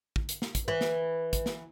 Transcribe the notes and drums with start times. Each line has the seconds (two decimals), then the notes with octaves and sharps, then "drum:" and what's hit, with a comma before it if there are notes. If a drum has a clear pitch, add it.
0.16 drum: kick
0.29 drum: hi-hat
0.42 drum: snare
0.55 drum: kick, hi-hat
0.68 E3 B4
0.81 drum: snare
1.33 drum: kick, hi-hat
1.46 drum: snare